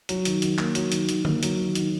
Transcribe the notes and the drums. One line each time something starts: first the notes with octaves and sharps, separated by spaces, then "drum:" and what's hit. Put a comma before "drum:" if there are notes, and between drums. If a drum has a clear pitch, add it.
F#3, drum: hi-hat
D#3, drum: hi-hat
D#3, drum: hi-hat
A#3, drum: clap
F#3, drum: hi-hat
D#3, drum: hi-hat
D#3, drum: hi-hat
A#3, drum: tom D3
F#3, drum: hi-hat
D#3
D#3, drum: hi-hat